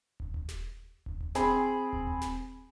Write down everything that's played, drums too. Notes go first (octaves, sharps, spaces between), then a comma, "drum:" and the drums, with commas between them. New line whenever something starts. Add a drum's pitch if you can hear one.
drum: kick
drum: kick
drum: snare
drum: kick
drum: kick
C4 G#4 B5, drum: snare
drum: kick
drum: kick
drum: snare